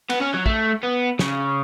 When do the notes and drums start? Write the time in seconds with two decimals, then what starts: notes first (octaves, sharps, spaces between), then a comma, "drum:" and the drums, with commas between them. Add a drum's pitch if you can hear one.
0.10 B3, drum: cymbal
0.21 C#4
0.34 F#3
0.46 A3, drum: kick
0.83 B3
1.19 C#3, drum: snare